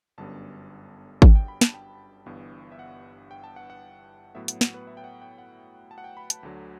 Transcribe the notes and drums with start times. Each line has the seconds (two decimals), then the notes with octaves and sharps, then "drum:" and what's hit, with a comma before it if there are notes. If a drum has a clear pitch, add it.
0.18 G1 F#2 D3 G3 B3 A5
1.22 G5, drum: kick G#1
1.35 G5
1.48 B5
1.61 A5, drum: snare
1.74 G5
2.26 G1 G2 E3 B3
2.72 E5
2.79 F#5
3.31 G5
3.44 A5
3.56 F#5
3.70 F#5
4.35 A2 F#3 B3 E5
4.48 F#5, drum: hi-hat
4.61 F#5, drum: snare
4.74 B4
4.87 E5
4.97 G5
5.04 F#5
5.22 G5
5.38 F#5
5.91 A5
5.98 F#5
6.04 G5
6.17 B5
6.30 A5, drum: hi-hat
6.43 D2 D3 F#3